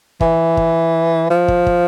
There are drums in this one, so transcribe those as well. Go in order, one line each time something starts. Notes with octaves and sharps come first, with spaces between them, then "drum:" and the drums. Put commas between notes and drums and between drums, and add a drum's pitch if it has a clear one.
E3, drum: kick
drum: kick
F3
drum: kick
drum: kick